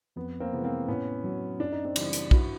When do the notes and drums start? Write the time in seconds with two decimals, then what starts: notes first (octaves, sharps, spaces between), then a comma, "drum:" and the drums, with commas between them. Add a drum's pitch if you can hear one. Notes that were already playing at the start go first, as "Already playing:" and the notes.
0.16 F2 B3
0.40 A#3 C4
0.52 C3 E3 G#3 B3
0.64 A#3 C4
0.88 A2 B3 C#4
1.24 F#3
1.60 F#2 D4
1.72 D#4
1.85 C4 D4
1.96 C#3 E3 G3, drum: cymbal
2.13 drum: hi-hat
2.31 G2 E4 F#4, drum: kick